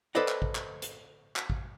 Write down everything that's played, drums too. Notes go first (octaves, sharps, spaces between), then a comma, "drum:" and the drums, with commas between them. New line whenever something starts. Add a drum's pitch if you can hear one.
A4 B4 C5 D5 D#5 F#5
drum: clap
drum: kick A1
drum: clap
drum: hi-hat
drum: clap
drum: kick A1